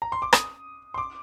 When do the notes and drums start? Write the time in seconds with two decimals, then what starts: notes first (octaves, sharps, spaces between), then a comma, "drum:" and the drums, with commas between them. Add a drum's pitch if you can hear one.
0.02 A#5
0.12 C6
0.22 D6
0.33 D#6, drum: rim click
0.94 C6
0.98 D6